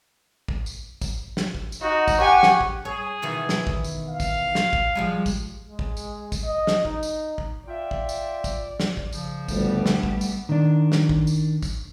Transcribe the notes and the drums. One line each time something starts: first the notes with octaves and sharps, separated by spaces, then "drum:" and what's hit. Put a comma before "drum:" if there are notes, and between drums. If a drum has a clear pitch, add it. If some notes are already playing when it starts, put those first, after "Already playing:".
drum: kick
drum: tambourine
drum: kick, tambourine
drum: snare
drum: kick
drum: tambourine
D#4 F#4
drum: kick, tambourine
G4 F#5 G#5 C#6
drum: snare
drum: kick
G#4 C#5
B2 D#3 E3
drum: snare
drum: kick
drum: tambourine
F5
drum: kick, tambourine
drum: snare
drum: kick
F3 G3 G#3
drum: kick, tambourine
G#3
drum: kick
drum: tambourine
drum: kick, tambourine
D#5
drum: snare
D#4, drum: kick
drum: tambourine
drum: kick
F4 D5 E5 G5
drum: kick
drum: tambourine
drum: kick, tambourine
drum: snare
drum: kick
C#3 F3, drum: tambourine
G1 D2 G3 A3 B3, drum: kick, tambourine
drum: snare
drum: kick
drum: tambourine
D#3 D4
drum: snare
drum: kick
drum: tambourine
drum: kick, tambourine